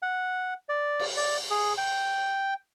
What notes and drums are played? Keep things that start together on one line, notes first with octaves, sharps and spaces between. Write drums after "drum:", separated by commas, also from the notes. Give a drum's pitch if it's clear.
F#5
D5
drum: cymbal
D5
G#4
G5